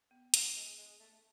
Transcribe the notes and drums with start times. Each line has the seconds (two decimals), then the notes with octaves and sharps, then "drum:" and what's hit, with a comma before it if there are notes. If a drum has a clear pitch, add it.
0.11 B3
0.34 D4, drum: hi-hat
0.56 G#3
0.78 G#3
1.00 A3